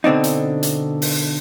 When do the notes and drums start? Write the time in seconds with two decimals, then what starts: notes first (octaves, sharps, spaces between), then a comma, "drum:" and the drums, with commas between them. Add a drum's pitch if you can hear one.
0.04 B2 D3 C4 D4 D#4
0.24 drum: hi-hat
0.63 drum: hi-hat
1.02 drum: open hi-hat